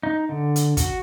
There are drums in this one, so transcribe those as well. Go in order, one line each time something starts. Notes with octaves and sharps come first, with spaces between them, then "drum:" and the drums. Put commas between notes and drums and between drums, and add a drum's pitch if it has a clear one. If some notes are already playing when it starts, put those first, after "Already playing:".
D#4
D3
drum: hi-hat
F#4, drum: kick, hi-hat